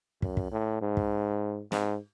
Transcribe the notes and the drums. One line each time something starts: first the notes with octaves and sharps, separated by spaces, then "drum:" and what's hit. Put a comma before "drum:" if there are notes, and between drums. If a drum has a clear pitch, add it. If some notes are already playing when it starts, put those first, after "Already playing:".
F#2, drum: kick
drum: kick
A2
G#2
drum: kick
G#2, drum: snare